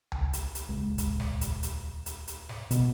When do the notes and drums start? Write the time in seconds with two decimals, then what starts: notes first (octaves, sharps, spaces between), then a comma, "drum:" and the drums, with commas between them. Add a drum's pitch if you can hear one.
0.12 drum: tom C#2
0.33 drum: hi-hat
0.55 drum: hi-hat
0.69 D#1 C#2 G#3
0.98 drum: kick, hi-hat
1.20 drum: snare
1.41 drum: kick, hi-hat
1.63 drum: hi-hat
2.06 drum: hi-hat
2.28 drum: hi-hat
2.49 drum: snare
2.71 B2, drum: kick, hi-hat